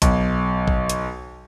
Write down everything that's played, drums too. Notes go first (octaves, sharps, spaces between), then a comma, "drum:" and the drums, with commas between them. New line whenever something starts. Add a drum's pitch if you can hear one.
B1, drum: kick A1, hi-hat
drum: kick A1
drum: hi-hat